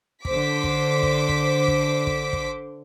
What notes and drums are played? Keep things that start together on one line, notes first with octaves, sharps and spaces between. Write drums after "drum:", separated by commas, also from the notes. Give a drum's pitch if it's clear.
D3 C5 D6 B6, drum: kick
drum: kick
drum: kick
drum: kick
drum: kick
drum: kick
drum: kick